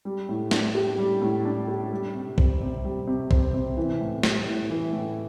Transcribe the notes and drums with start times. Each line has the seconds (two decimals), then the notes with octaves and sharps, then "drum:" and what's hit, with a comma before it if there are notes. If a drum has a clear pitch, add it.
0.05 G3
0.29 A2
0.51 D4, drum: snare
0.75 G4
0.98 G3
1.22 A2
1.45 D4
1.68 G4
1.92 G3
2.15 C3
2.38 C4, drum: kick
2.62 C3
2.84 G3
3.07 C3
3.31 C4, drum: kick
3.54 C3
3.77 E3
4.01 A2
4.23 G3, drum: snare
4.47 A2
4.70 E3
4.93 A2